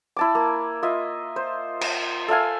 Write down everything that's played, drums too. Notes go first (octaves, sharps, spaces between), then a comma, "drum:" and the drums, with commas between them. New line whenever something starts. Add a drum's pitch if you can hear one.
E4 A5 D6
A#3
F4 D#5 E5
C5
A#5, drum: cymbal
A4 E5 F5 G#5